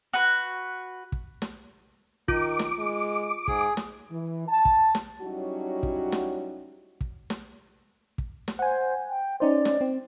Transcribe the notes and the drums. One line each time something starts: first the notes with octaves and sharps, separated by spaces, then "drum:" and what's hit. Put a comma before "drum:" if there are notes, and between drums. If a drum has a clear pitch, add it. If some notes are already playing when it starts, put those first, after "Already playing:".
F#4 B4
drum: kick
drum: snare
D#3 F4 D6, drum: kick
drum: snare
G#3
G#2 G#4, drum: kick
drum: snare
E3
A5
drum: kick
drum: snare
F#3 G3 C#4 D#4 E4 F#4
drum: kick
drum: snare
drum: kick
drum: snare
drum: kick
drum: snare
C5 F#5 G#5
G5
C#4 D#4 C5 D5
drum: snare
C4